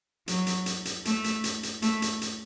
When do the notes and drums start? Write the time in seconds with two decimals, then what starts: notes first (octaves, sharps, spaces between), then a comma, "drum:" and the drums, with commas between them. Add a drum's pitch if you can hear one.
0.28 F#3, drum: hi-hat
0.47 drum: hi-hat
0.66 drum: hi-hat
0.85 drum: hi-hat
1.05 A3, drum: hi-hat
1.24 drum: hi-hat
1.44 drum: hi-hat
1.63 drum: hi-hat
1.82 A3, drum: hi-hat
2.02 drum: hi-hat
2.21 drum: hi-hat